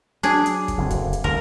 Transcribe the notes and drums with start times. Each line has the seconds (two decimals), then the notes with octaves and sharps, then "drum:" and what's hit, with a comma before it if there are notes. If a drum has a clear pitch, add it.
0.23 F#3 D4 G#4, drum: hi-hat
0.46 drum: hi-hat
0.68 drum: kick, hi-hat
0.78 F#1 D3 C4
0.90 drum: kick, hi-hat
1.13 drum: hi-hat
1.24 G1 D2 A#4